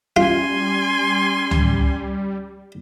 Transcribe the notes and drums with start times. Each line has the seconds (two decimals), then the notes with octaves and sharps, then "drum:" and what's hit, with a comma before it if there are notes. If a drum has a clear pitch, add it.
0.16 G3 C#4 F4 G#5 C6
1.51 drum: tom C#2